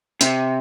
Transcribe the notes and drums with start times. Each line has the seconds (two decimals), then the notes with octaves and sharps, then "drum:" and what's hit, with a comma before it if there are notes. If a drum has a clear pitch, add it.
0.21 C3, drum: hi-hat